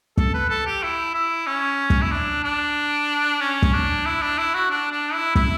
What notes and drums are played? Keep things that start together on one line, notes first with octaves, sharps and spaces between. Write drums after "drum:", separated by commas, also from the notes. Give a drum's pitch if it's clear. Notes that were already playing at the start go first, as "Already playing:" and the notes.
A4, drum: kick
B4
A4
G4
E4
E4
C#4
drum: kick
E4
D4
D4
C#4
drum: kick
D4
E4
D4
E4
F#4
D4
D4
E4
E4, drum: kick